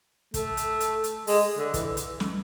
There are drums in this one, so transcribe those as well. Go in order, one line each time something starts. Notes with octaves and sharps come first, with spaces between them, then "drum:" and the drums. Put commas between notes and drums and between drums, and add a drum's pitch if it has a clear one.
A3, drum: kick, hi-hat
drum: hi-hat
drum: hi-hat
drum: hi-hat
G#3, drum: open hi-hat
D3
E3, drum: kick, hi-hat
drum: hi-hat
drum: snare